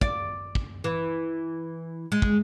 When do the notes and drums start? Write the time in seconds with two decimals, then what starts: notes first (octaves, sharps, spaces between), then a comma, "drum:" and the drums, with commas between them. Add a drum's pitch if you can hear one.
0.01 D5, drum: kick
0.55 drum: kick
0.84 E3
2.12 G#3
2.22 drum: kick